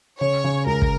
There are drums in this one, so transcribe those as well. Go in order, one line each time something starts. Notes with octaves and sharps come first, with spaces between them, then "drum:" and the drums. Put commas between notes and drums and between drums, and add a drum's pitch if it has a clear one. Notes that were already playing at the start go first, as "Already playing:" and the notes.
C#3 C#5
C#3
C#2 A#4
drum: kick